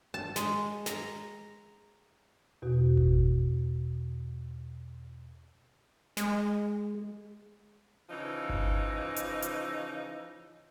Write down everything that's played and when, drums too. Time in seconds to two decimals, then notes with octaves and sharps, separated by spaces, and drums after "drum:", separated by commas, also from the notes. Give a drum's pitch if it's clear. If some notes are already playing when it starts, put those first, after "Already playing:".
0.14 A5
0.36 G#3, drum: snare
0.86 A#5, drum: snare
2.62 E2 B2 F#4
2.97 drum: kick G1
6.17 G#3, drum: snare
8.10 C#3 E3 F3 D#4
8.49 drum: kick G1
9.16 drum: hi-hat
9.42 drum: hi-hat